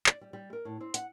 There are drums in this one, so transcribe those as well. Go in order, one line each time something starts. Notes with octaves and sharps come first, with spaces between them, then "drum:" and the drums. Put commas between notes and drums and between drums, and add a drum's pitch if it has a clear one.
D5, drum: clap
G3
G3
A#4
A2
C4
F#5, drum: hi-hat